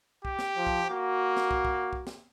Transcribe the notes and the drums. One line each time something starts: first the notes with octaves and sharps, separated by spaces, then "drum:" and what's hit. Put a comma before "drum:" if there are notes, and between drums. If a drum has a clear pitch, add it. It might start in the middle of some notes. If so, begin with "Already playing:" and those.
G4, drum: kick
drum: snare
F3
drum: kick
A#3 F#4
drum: snare
drum: kick
drum: kick
drum: kick
drum: snare